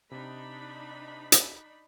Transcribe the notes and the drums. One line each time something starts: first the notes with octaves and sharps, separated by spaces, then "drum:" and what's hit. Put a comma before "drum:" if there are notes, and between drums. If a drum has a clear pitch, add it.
C3 D4 D#4 B5
drum: hi-hat